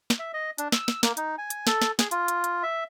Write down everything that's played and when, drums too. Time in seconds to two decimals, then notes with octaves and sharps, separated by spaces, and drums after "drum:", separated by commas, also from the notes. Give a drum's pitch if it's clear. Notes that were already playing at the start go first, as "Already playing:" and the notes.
0.10 drum: snare
0.19 E5
0.34 D#5
0.58 D4, drum: hi-hat
0.72 E6, drum: snare
0.88 drum: snare
1.03 A#3, drum: snare
1.17 D#4, drum: hi-hat
1.38 G#5
1.50 drum: hi-hat
1.67 A4, drum: snare
1.82 drum: snare
1.99 G#4, drum: snare
2.11 F4, drum: hi-hat
2.28 drum: hi-hat
2.44 drum: hi-hat
2.63 E5